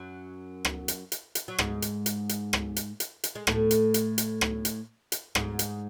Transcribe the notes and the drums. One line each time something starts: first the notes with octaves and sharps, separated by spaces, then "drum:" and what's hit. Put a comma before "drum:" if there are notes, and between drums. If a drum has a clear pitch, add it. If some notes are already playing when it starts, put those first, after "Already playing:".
Already playing: F#2 F#3
drum: rim click
drum: hi-hat
drum: hi-hat
drum: hi-hat
F#3
G#2 G#3, drum: rim click
drum: hi-hat
drum: hi-hat
drum: hi-hat
drum: rim click
drum: hi-hat
drum: hi-hat
drum: hi-hat
G#3
A2 A3, drum: rim click
drum: hi-hat
drum: hi-hat
drum: hi-hat
drum: rim click
drum: hi-hat
drum: hi-hat
G#2 G#3, drum: rim click
drum: hi-hat